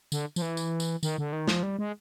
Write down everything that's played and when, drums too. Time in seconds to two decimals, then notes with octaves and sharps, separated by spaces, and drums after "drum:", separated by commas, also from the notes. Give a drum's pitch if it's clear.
0.12 D3, drum: tambourine
0.36 F3, drum: tambourine
0.42 E3
0.57 drum: tambourine
0.80 drum: tambourine
1.03 D#3, drum: tambourine
1.18 D3
1.33 D#3
1.48 F3, drum: snare
1.63 G3
1.79 G#3